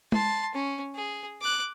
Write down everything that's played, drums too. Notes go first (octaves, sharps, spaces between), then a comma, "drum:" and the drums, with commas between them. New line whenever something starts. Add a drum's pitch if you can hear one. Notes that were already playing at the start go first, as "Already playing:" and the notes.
A5 C6, drum: tom
C#4
G#4
D6 F#6